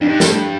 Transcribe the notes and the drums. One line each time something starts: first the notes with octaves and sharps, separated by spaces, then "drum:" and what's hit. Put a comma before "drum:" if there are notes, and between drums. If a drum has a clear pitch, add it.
F2 D4
G2 D#4
C4, drum: snare
A3